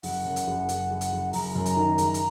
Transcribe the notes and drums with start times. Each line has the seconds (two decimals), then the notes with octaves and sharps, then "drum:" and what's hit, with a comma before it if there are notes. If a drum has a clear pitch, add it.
0.03 F#1 F#5, drum: open hi-hat
0.25 F#2
0.36 drum: hi-hat
0.47 F#1
0.69 F#1, drum: hi-hat
0.90 F#1
1.01 drum: hi-hat
1.12 F#1
1.33 F#1 A#5, drum: open hi-hat
1.55 F#2
1.66 drum: hi-hat
1.77 D#3
1.98 F#1, drum: hi-hat
2.14 drum: hi-hat